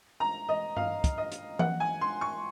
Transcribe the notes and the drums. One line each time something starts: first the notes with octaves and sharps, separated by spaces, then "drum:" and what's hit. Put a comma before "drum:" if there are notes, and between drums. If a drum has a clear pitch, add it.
A#5
D#5
F5, drum: tom G2
drum: kick, hi-hat
D#5
drum: hi-hat
F#5, drum: tom E3
G#5
C6
C#6